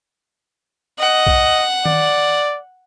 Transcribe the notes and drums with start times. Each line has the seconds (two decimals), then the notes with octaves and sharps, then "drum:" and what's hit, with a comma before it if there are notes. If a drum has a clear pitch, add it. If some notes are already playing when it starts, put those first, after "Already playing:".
0.99 D#5 F#5
1.27 drum: kick
1.85 D5, drum: tom D#3